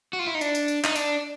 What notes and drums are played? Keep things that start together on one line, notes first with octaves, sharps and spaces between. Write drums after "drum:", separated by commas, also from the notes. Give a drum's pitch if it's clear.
F#4
F4
E4
D#4
D4, drum: tambourine
drum: tambourine
drum: tambourine
D#4, drum: clap
D4, drum: tambourine